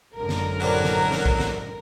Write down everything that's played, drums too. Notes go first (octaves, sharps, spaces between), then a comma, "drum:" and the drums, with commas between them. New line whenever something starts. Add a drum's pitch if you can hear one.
G#1 F#2 D3 A#4
drum: snare
A1 F#3 C4 D4
drum: snare
drum: snare
drum: kick A#1
drum: snare